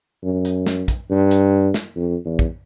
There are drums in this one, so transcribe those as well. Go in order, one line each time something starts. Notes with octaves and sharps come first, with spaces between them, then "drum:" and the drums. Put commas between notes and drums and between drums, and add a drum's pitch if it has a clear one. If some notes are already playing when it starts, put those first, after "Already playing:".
F#2
drum: hi-hat
drum: snare
drum: kick, hi-hat
G2
drum: hi-hat
drum: snare
F2
E2
drum: kick